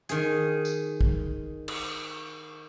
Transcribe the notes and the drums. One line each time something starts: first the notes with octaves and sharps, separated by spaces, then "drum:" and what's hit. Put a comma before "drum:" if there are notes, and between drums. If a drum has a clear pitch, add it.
D#3 G#4, drum: hi-hat
drum: tambourine
drum: kick
drum: cymbal